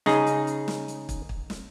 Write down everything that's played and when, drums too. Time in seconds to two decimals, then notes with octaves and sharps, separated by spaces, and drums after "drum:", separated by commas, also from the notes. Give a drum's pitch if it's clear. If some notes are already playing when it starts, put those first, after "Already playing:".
0.06 C#3 D#4 G#4, drum: snare
0.27 drum: hi-hat
0.47 drum: hi-hat
0.68 drum: snare
0.88 drum: hi-hat
1.09 drum: kick, hi-hat
1.29 drum: kick
1.50 drum: snare